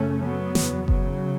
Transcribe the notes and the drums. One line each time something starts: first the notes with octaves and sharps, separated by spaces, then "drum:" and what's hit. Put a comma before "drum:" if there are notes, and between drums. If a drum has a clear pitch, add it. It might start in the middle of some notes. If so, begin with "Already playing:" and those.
Already playing: F#2 C#3 A3 C#4
F#3 B3
E2 C#3, drum: snare
C#3 F#3, drum: kick F#1